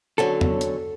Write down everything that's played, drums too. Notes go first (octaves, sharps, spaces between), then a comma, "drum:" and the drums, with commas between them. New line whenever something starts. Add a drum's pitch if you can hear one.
D3 F#3 C#4 A4
drum: tom
drum: hi-hat